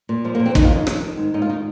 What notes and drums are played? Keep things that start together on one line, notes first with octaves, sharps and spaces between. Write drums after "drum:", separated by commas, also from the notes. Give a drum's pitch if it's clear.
A#2
F3 G#3
A#3
A#2
C4
D#3 D#4, drum: kick
F4
F2 D#4
D#3 D#4, drum: rim click
D#3
G#2
G#2 D#4
F4
D#3 D#4